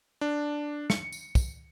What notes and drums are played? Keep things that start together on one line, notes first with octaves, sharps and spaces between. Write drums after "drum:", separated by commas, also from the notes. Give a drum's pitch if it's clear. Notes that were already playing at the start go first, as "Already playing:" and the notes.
D4
C#7, drum: snare
drum: tambourine
drum: kick, tambourine